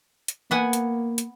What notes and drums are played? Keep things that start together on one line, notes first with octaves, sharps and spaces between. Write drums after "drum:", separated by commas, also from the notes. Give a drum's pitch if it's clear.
drum: hi-hat
A#3 B3 F#5 G#5
drum: hi-hat
drum: hi-hat